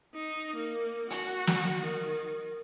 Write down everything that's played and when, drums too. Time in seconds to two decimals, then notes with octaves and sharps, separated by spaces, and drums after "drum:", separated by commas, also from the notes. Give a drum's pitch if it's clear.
0.14 D#4
0.56 A#3
1.10 F#4, drum: hi-hat
1.47 drum: snare
1.84 D#3